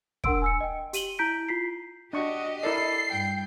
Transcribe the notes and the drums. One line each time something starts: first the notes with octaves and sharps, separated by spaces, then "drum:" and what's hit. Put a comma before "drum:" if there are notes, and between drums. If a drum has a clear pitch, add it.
D4 A#4 F#5 C6 E6 D7, drum: kick
G#5 E6 C#7
D#5 G5
G4 D#7 F#7 G7, drum: hi-hat
E4 A#5 G6 B6 D7
F4 B6 C7
D4 F#4 G4 D#5 C#6
E4 A4 A#4 D5 C7
G2 G5